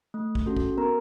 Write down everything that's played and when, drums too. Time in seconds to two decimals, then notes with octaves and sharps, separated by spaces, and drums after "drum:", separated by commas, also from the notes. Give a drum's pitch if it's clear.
0.14 A3
0.35 drum: kick
0.46 C#4 F#4 A4
0.57 drum: kick
0.77 B3 A#4 A#5